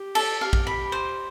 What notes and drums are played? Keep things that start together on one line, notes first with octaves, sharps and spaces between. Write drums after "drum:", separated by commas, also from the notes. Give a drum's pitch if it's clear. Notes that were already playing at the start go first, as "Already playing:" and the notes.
Already playing: G4
A4, drum: cymbal
G4 F5
drum: kick
B5
C5